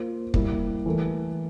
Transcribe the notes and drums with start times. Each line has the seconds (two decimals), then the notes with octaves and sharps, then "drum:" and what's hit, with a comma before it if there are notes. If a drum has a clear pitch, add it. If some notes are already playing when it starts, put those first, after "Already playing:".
Already playing: A#3 F4 C5
0.34 G3 A#3 E4, drum: kick
0.86 E3 A3 E4 A#4